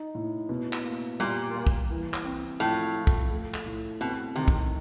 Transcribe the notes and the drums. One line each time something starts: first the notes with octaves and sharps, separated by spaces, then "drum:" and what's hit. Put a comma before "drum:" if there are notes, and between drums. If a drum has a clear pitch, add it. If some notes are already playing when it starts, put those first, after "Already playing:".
Already playing: D#4
A2
B2
drum: clap
A#3
A#2 G3
A#3
drum: kick
E3
drum: clap
C4
A2 F3
F3
drum: kick
A3
drum: clap
A2
B2 C4
C3 D#3
drum: kick